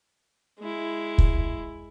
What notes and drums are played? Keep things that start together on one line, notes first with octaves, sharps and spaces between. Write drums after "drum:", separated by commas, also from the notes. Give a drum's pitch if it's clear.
G#3 E4
drum: kick